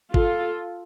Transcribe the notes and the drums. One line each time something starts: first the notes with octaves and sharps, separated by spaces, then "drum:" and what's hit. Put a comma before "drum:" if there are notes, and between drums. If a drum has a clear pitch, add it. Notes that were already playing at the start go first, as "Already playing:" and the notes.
F4 A4, drum: kick G1